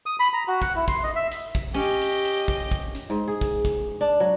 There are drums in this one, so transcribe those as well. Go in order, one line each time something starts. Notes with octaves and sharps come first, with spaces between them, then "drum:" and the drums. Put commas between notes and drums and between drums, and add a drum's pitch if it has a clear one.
D#6
B5
A#5
F#4
F#5, drum: kick, hi-hat
E4
C6, drum: kick, hi-hat
D#5
E5
drum: hi-hat
drum: kick, hi-hat
C#4 G4 D#5
drum: hi-hat
drum: hi-hat
drum: kick
drum: kick, hi-hat
drum: hi-hat
G#2
G#4
drum: kick, hi-hat
drum: kick, hi-hat
D4
F#3